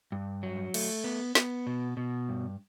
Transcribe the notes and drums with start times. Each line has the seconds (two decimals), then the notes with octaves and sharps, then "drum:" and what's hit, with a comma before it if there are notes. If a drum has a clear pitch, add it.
0.12 G2
0.43 F#3
0.74 A3, drum: cymbal
1.04 B3
1.35 B3, drum: snare
1.67 B2
1.97 B2
2.29 G2